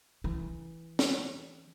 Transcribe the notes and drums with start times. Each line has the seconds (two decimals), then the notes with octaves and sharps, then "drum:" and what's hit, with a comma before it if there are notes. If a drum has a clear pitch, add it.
0.24 E3
0.99 drum: snare